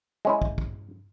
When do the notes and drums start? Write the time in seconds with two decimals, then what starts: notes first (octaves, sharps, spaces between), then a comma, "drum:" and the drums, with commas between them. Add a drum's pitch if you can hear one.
0.25 G#3 C#4 E4
0.42 drum: kick
0.58 drum: kick